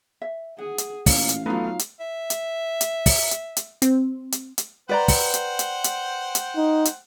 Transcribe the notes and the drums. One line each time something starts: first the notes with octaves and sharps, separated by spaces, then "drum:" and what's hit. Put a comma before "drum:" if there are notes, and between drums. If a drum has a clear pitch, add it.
E5
G#4 F#5
drum: hi-hat
A1 A#2 F5, drum: kick, open hi-hat
drum: hi-hat
F#3 A3 B3 D#4 F4 B4 F5
drum: hi-hat
E5
drum: hi-hat
drum: hi-hat
drum: kick, open hi-hat
drum: hi-hat
drum: hi-hat
C4, drum: hi-hat
drum: hi-hat
drum: hi-hat
B4 C5 D5 F#5 G5 A#5
drum: kick, open hi-hat
drum: hi-hat
drum: hi-hat
drum: hi-hat
drum: hi-hat
D#4
drum: hi-hat